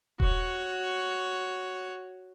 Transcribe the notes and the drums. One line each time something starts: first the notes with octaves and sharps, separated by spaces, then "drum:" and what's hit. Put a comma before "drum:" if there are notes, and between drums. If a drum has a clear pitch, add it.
F#4 C#5, drum: kick D#1